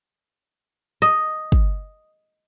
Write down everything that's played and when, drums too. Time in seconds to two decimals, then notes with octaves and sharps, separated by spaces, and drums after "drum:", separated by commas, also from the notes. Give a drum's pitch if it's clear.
1.02 D#5
1.52 drum: kick